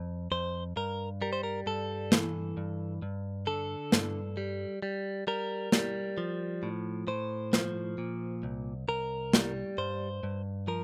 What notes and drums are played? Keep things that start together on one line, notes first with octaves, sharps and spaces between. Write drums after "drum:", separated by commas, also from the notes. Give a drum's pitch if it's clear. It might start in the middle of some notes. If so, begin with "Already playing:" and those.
Already playing: F2
F2 C5
G2 A#4
G3 A#4
C5
A#4
G2 A4
E3, drum: snare
G2
G2
D3 A4
G2, drum: snare
G3
G3
G3 A#4
G3, drum: snare
F3
A2
A2 C5
F3, drum: snare
A#2
C2
C2 A#4
G3, drum: snare
G2 C5
G2
F3 A#4